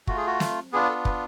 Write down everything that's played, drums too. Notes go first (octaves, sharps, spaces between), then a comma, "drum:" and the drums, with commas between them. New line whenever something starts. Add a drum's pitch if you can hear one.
A3 F4 F#4, drum: kick
G#4
F#4
drum: snare
B3 D4 F4 G#4
A4
B4, drum: kick